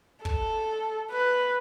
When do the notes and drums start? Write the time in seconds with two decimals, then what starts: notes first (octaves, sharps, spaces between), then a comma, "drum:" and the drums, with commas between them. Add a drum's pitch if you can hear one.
0.25 A4, drum: kick
1.11 B4